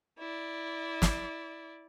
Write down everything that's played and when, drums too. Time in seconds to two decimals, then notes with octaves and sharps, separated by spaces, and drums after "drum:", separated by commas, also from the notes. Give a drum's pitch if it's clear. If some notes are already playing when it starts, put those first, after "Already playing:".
0.17 E4 D5
1.02 drum: snare